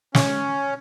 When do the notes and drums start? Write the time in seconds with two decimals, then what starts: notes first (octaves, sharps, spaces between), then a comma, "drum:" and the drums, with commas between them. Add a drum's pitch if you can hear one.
0.15 C#4, drum: snare